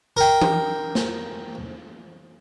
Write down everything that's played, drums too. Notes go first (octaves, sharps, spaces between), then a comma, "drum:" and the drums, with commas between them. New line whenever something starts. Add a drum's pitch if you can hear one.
A#4 G5
drum: tom E3
drum: snare